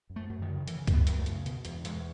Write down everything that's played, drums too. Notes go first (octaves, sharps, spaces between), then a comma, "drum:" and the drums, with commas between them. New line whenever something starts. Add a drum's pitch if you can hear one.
F#2
A3
F#2
D#3
C#3
D#3
C#3 E3, drum: hi-hat
F#2, drum: kick C#2, hi-hat
B3
F#2, drum: hi-hat
A3
C#3, drum: hi-hat
B2, drum: hi-hat
E2, drum: hi-hat
E2 G#3, drum: hi-hat